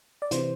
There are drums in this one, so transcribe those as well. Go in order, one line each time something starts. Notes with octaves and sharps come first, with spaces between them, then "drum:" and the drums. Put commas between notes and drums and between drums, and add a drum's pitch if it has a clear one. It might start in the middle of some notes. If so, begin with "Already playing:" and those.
D5
C3 E3 C5, drum: hi-hat